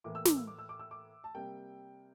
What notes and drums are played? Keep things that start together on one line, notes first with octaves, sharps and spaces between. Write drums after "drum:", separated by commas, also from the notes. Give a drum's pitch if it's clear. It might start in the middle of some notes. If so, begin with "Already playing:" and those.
A2 E3 A#3 D6
E6
D6, drum: snare
E6
D6
E6
D6
E6
D6
A5
C3 G3 A#3 G5